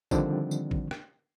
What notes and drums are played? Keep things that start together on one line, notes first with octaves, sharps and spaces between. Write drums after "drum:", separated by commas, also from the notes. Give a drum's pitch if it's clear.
D3 D#3 F3 G3 C4 D4, drum: kick, tambourine
drum: tambourine
drum: kick
drum: rim click